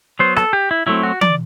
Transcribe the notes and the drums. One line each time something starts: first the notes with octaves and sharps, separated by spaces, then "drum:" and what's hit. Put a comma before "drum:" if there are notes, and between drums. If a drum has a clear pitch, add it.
F#3 B3 C5
A4, drum: rim click
G4
E4
F#3 A3 C4 E4
F#4
D5, drum: tom E3